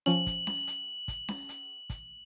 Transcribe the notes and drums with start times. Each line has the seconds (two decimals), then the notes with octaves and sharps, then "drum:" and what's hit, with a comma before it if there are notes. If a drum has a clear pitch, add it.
0.06 F3 C#4 F#7
0.27 drum: kick, hi-hat
0.47 drum: snare C#4
0.67 drum: hi-hat
1.08 drum: kick, hi-hat
1.28 drum: snare C#4
1.49 drum: hi-hat
1.90 drum: kick, hi-hat